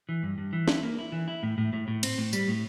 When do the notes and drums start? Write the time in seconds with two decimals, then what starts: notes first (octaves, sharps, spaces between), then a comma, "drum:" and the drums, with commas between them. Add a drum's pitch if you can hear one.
0.09 E3
0.23 G2
0.38 G2
0.53 E3
0.68 E4, drum: snare
0.83 A#3
0.99 E4
1.12 E3
1.28 E4
1.43 A2
1.58 A2
1.73 A2
1.88 A2
2.03 C4, drum: cymbal
2.18 A2
2.33 G3, drum: tambourine
2.48 A2